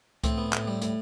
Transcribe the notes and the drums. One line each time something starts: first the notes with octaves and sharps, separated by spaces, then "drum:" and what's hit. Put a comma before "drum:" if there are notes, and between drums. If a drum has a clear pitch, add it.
A2 C4, drum: kick C#2, hi-hat
B3
A2, drum: clap
G3
A2, drum: hi-hat